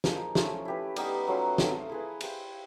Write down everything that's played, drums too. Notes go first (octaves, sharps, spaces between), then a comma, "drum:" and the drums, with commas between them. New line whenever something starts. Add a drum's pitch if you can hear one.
F3 A#3 D#4 G#4, drum: snare
F3 A3 C#4 F4, drum: snare
E4 G4 B4
G3 B3 D#4 G4, drum: cymbal
F#3 A3 C#4 F4
A3 C4 F4 A4, drum: snare
E4 G#4 B4
E4 G4 C5 F5, drum: cymbal